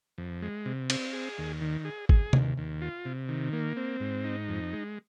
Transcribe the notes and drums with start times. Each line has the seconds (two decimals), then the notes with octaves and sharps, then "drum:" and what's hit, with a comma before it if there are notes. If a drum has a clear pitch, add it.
0.18 F2
0.42 G#3
0.66 C3
0.90 C4, drum: cymbal
1.13 G#4
1.38 D#2
1.61 D#3
1.85 G#4
2.09 G#4, drum: kick G#1
2.33 D#2, drum: tom
2.58 D#2
2.82 F4
3.05 C3
3.29 D#3
3.53 A#3
3.77 C4
4.00 G#2
4.24 D#4
4.49 F2
4.73 G#3